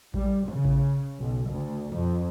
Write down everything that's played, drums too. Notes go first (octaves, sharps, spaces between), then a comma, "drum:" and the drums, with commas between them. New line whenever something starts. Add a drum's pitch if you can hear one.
G3, drum: kick A1
C#3, drum: tom D3
drum: kick A1
B1
D2
F2, drum: tom A#2